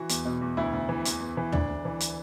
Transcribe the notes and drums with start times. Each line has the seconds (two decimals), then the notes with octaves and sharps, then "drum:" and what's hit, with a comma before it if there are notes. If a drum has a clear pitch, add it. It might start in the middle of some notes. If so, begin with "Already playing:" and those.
Already playing: E3 F#4
0.09 E2, drum: hi-hat
0.25 B2
0.42 E2
0.57 D2 E4
0.73 D2
0.89 E3
1.05 E2, drum: hi-hat
1.21 E2
1.37 E3
1.52 D2 D4, drum: tom
1.69 D2
1.85 E3
2.00 drum: hi-hat